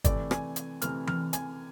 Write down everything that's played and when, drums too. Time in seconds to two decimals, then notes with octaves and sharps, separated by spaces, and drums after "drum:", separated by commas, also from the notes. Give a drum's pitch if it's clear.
0.04 C3 E3 A3 D5, drum: kick, hi-hat
0.31 G#5, drum: rim click
0.56 drum: hi-hat
0.82 C3 E3 A3 F6, drum: hi-hat
1.07 F6, drum: tom E3
1.33 G#5, drum: hi-hat